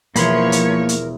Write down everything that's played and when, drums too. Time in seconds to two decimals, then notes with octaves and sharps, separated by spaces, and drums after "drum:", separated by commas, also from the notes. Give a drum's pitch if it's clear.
0.16 E1 F3 A#3 A#4 C#5 B5 C6, drum: hi-hat
0.52 drum: hi-hat
0.89 drum: hi-hat